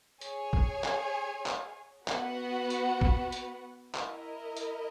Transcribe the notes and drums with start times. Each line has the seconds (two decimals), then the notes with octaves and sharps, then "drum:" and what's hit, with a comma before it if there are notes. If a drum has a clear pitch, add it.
0.21 G#4 C#5 G#5, drum: hi-hat
0.53 drum: kick A1
0.84 drum: clap
1.46 drum: clap
2.08 B3 F#4 B4 F#5, drum: clap
2.70 drum: hi-hat
3.01 drum: kick A1
3.32 drum: hi-hat
3.95 E4 A#4 D#5, drum: clap
4.57 drum: hi-hat